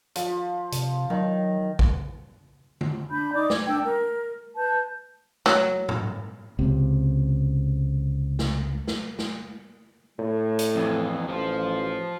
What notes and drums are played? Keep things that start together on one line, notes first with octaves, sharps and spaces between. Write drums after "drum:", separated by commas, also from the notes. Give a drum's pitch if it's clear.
F3, drum: hi-hat
C3, drum: hi-hat
D#3 F#3
drum: kick
drum: tom D3
D4 B5 G6
D#4 D5 D6
G#6, drum: snare
D4 G5 E6
A#4
B4 A5 G6
F#3, drum: snare
drum: tom G#2
C#2 C3
drum: snare
drum: snare
drum: snare
A2
drum: hi-hat
F2 E3
A1 F3 F4